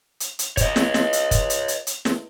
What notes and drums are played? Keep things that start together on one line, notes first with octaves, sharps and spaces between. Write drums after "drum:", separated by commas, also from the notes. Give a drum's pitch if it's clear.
drum: hi-hat
drum: hi-hat
C#5 D#5, drum: kick, hi-hat
drum: snare
drum: snare
drum: hi-hat
drum: kick, hi-hat
drum: hi-hat
drum: hi-hat
drum: hi-hat
drum: snare